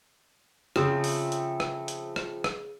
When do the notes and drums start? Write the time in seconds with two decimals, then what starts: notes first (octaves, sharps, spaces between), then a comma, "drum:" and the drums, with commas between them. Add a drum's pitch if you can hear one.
0.76 C#3 F3 A3 C4, drum: rim click
1.04 drum: open hi-hat
1.32 drum: hi-hat
1.60 drum: rim click
1.88 drum: hi-hat
2.16 drum: rim click
2.44 drum: rim click